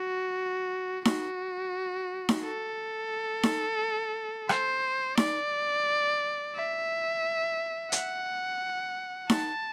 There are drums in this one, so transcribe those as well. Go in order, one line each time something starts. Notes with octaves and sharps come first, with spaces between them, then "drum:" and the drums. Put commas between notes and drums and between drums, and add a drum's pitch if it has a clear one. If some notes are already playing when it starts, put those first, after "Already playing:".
Already playing: F#4
F#4, drum: snare D#4
drum: snare D#4
A4
drum: snare D#4
C5, drum: rim click
D5, drum: snare D#4
E5
F#5, drum: hi-hat
A5, drum: snare D#4